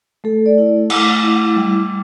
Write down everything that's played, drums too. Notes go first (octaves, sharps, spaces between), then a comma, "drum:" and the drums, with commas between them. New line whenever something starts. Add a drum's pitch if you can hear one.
A3 A4
D5
E4
A3 D6, drum: cymbal
E4
G3